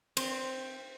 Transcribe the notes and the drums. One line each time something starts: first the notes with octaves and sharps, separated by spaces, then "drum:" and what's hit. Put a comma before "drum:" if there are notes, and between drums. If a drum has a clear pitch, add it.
C4, drum: cymbal